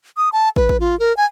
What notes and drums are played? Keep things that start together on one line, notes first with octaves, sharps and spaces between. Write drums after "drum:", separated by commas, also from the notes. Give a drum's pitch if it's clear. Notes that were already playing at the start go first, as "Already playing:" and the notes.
D#6
A5
B4, drum: kick
drum: kick
F4
A#4
G#5